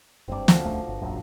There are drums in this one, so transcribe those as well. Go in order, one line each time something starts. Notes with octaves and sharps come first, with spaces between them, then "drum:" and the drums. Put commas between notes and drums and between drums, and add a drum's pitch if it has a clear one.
F#1 G2 C4 D5
D2 F3 F#3 C#4, drum: snare
D#1 C#2 D3 A3
G1
E1 A#1 F#2